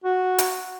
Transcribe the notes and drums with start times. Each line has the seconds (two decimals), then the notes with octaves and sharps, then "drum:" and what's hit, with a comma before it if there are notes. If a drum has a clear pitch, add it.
0.05 F#4
0.38 drum: hi-hat